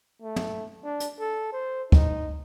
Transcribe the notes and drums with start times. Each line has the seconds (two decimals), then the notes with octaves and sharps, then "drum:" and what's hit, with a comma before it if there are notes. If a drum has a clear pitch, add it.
0.22 A3
0.36 drum: tom
0.84 D4
1.00 drum: hi-hat
1.19 A4
1.53 C5
1.92 D#4, drum: kick